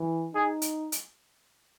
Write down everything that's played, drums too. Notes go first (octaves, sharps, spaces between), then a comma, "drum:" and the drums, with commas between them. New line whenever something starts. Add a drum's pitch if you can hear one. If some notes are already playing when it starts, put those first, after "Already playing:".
Already playing: E3
D#4 G#4
drum: hi-hat
drum: hi-hat